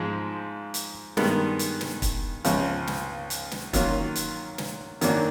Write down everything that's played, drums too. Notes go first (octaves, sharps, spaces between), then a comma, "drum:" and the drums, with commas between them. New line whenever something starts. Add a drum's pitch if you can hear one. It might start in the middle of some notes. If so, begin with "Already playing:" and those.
Already playing: G#2 F3 G#3
drum: hi-hat
G2 D#3 G#3 B3, drum: snare
drum: hi-hat
drum: snare
drum: kick, hi-hat
C#2 C#3 F3, drum: hi-hat
drum: snare
drum: hi-hat
drum: snare
D#3 F#3 A#3 C#4 F4, drum: kick, hi-hat
drum: hi-hat
drum: snare
F#2 D#3 F#3 A#3 D4, drum: hi-hat